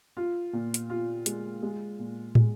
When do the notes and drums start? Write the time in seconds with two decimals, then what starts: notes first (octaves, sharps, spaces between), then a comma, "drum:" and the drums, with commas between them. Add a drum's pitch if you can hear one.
0.17 F4
0.53 A#2
0.74 drum: hi-hat
0.90 F4
1.26 G#3, drum: hi-hat
1.62 G#3
1.99 A#2
2.35 G#3, drum: tom